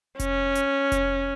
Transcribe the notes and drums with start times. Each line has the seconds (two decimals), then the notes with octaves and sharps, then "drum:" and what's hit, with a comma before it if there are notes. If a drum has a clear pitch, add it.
0.19 C#4, drum: kick F1, hi-hat
0.55 drum: hi-hat
0.92 drum: kick F1, hi-hat